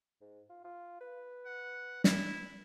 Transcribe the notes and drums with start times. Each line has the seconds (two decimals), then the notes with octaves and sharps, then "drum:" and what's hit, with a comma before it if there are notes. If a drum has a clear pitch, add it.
0.21 G#2
0.49 F4
0.64 F4
1.01 B4
1.46 F#5
2.04 E4, drum: snare